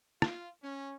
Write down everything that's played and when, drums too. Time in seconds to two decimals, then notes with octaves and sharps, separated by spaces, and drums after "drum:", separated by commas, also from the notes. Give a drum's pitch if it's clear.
0.22 F4, drum: rim click
0.62 C#4